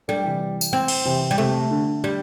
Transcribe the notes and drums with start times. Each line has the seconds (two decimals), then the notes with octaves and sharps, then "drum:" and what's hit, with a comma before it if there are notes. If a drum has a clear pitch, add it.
0.08 G3 A3 D4
0.24 C3 E3
0.61 drum: tambourine
0.73 C4
0.88 drum: cymbal
1.05 C3 E3
1.31 G3
1.38 C3 A3
1.71 D3
2.04 G3